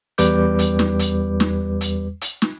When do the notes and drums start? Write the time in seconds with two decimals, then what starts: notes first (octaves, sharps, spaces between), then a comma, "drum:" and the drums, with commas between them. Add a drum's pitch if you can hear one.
0.18 E2 G3 B4 D6 G6, drum: hi-hat
0.59 drum: hi-hat
0.79 drum: snare
0.99 drum: hi-hat
1.40 drum: snare
1.81 drum: hi-hat
2.21 drum: hi-hat
2.42 drum: snare